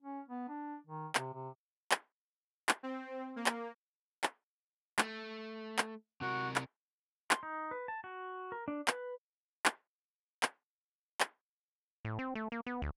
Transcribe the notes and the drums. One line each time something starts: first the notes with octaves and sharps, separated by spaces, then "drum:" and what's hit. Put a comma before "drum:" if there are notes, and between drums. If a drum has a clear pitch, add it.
C#4
B3
D4
D#3
C3, drum: clap
C3
drum: clap
drum: clap
C4
A#3
drum: clap
drum: clap
A3, drum: clap
drum: clap
C3 F#4 A#4
drum: clap
C6, drum: clap
D#4
B4
A5
F#4
A#4
D4
B4, drum: clap
drum: clap
drum: clap
drum: clap
A2
C4
A3
A#3
B3
D2